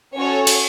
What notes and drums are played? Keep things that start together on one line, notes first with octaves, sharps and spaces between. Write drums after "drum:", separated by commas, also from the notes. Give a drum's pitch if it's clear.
C#4 F#4 A4 C#5
drum: cymbal